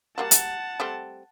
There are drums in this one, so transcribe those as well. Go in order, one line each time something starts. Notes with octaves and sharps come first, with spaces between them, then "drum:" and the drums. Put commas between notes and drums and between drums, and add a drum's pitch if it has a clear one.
G3 A#3 F#4 F#5 A5
drum: hi-hat
G3 A3 C4